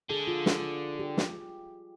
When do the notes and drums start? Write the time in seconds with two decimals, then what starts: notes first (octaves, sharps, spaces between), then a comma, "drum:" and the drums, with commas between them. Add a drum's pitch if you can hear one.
0.10 D3 G#4
0.28 F4
0.46 drum: snare
0.99 G4
1.17 drum: snare